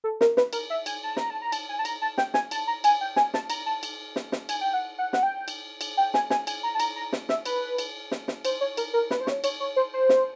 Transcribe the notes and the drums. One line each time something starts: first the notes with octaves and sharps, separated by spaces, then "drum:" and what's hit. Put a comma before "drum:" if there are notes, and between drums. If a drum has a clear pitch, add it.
A4
A#4, drum: snare
B4, drum: snare
A#4, drum: cymbal
E5
G#5, drum: cymbal
A5
A#5, drum: snare
A5
A#5
A5, drum: cymbal
G#5
A5
A#5, drum: cymbal
A5
G5, drum: snare
G#5, drum: snare
A5, drum: cymbal
A#5
G#5, drum: cymbal
G5
G#5, drum: snare
A5, drum: snare
A#5, drum: cymbal
A5
drum: cymbal
drum: snare
drum: snare
G#5, drum: cymbal
G5
F#5
F#5
F#5, drum: snare
G5
drum: cymbal
drum: cymbal
G5
G#5, drum: snare
G#5, drum: snare
G#5, drum: cymbal
A#5
A5
A#5, drum: cymbal
A#5
drum: snare
E5, drum: snare
B4, drum: cymbal
drum: cymbal
drum: snare
drum: snare
C5, drum: cymbal
C#5
A#4, drum: cymbal
A#4
B4, drum: snare
C5
C#5, drum: snare
C#5, drum: cymbal
C#5
C5
C5
drum: snare